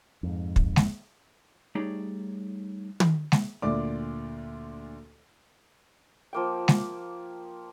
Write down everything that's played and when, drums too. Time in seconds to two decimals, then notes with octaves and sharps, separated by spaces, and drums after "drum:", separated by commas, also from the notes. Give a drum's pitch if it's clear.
0.23 F2 G#2
0.56 drum: kick
0.76 drum: snare G#3
1.75 G3 A3 D#4 G#4 C#5 D5
3.00 drum: tom
3.32 drum: snare G#3
3.62 D2 A#2 D5 D6
6.33 F3 A#3 G5
6.68 drum: snare G#3